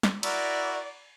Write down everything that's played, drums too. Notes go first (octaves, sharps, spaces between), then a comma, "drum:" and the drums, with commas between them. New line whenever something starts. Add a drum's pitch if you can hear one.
drum: snare
E4 F#4 A#4 D5, drum: cymbal